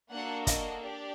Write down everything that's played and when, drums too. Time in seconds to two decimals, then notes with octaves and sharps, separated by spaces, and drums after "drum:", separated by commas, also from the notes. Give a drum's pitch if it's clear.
0.12 A#3 D4 F#4 A4 F#5
0.47 D#5, drum: kick, hi-hat
0.82 D4 G4 D5